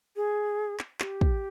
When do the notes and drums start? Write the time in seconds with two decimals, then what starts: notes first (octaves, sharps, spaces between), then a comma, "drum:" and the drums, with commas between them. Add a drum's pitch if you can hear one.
0.16 G#4
0.79 drum: clap
1.00 G4, drum: clap
1.21 drum: kick